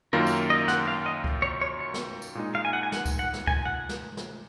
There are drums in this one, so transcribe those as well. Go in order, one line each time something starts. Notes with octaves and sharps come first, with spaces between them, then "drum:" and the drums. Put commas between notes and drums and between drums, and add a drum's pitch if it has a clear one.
F#2 D#3 A#3 F4 A#4
drum: tambourine
D#5
F#5, drum: snare
F5
D#5
drum: kick C#2
C#5
C#5
C#5
drum: snare
drum: tambourine
A#2 G#3 D#4
F5
G#5
F#5
G#5
F#5, drum: snare
drum: kick C#2, tambourine
F#5
drum: snare
G#5, drum: kick C#2
F#5
drum: snare
drum: snare